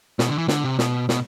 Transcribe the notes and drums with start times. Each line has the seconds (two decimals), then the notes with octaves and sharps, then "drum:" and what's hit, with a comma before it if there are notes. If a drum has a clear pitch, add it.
0.19 B2, drum: snare
0.28 D3
0.38 E3
0.48 D3, drum: snare
0.64 C3
0.79 B2, drum: snare
1.09 B2, drum: snare